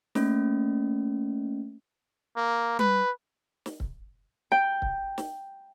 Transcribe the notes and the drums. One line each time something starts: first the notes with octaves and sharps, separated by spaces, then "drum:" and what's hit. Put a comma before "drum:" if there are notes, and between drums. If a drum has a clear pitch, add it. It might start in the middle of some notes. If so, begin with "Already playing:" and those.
A3 A#3 C#4, drum: snare
A#3
B4, drum: tom G3
drum: snare
drum: kick C#1
G5
drum: kick C#1
drum: snare